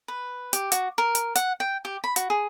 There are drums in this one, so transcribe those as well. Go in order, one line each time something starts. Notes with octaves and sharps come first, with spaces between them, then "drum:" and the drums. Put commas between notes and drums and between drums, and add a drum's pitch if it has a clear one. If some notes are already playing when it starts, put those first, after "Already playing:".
B4
G4, drum: hi-hat
F#4, drum: hi-hat
A#4
drum: hi-hat
F#5, drum: hi-hat
G5
G4
B5
F#4, drum: hi-hat
G#4